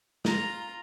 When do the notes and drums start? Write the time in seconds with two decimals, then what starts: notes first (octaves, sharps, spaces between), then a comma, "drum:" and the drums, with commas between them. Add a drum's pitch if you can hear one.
0.25 F4 A#5, drum: snare